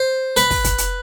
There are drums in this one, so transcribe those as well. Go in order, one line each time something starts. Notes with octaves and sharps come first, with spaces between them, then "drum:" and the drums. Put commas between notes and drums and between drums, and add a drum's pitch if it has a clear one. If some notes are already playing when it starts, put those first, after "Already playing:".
Already playing: C5
B4, drum: hi-hat
drum: kick, open hi-hat
drum: kick, hi-hat
drum: hi-hat